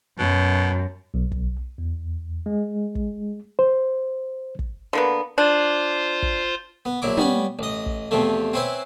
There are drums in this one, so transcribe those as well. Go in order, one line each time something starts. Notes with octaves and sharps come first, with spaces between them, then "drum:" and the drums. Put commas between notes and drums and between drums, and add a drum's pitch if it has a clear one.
F#2 B2
B1
drum: kick
E2
G#3
drum: kick
C5
drum: kick
D3 A#3 B3
D4 F4 C5
drum: kick
B3
A#1 F#3 E4 D6
G3 B3 C#4 B5, drum: tom
A1 D#5
drum: kick
E2 C3 F3 A3
C4 C#4 E4 B4 C5